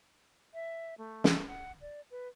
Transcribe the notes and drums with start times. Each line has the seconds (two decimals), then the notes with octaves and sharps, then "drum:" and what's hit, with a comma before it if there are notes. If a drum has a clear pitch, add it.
0.54 E5
0.98 A3
1.24 drum: snare
1.47 F#5
1.81 D5
2.11 B4